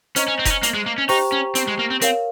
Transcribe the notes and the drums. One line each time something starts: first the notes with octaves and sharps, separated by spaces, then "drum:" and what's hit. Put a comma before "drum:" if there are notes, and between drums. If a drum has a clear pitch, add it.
C#4 C5 D#5 A#5 C#6, drum: hi-hat
C#4
C4
D#4, drum: kick F1, hi-hat
C#4
A#3, drum: hi-hat
G#3
A#3
C#4
D#4 G4 C5 G5 A#5 C#6, drum: open hi-hat
C#4
C4, drum: hi-hat
G#3
A#3
C4
C4 A#4 C#5 F5, drum: hi-hat